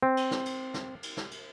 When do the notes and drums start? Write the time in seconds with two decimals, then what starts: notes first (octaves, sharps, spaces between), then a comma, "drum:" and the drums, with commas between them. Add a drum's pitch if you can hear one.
0.03 C4
0.17 drum: cymbal
0.31 drum: snare
0.45 drum: cymbal
0.74 drum: snare
1.03 drum: cymbal
1.17 drum: snare
1.31 drum: cymbal